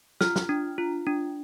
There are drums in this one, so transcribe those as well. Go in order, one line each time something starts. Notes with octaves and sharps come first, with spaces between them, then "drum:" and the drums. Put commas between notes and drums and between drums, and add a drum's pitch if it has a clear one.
F4 F6, drum: snare
drum: snare
D4
F4
D4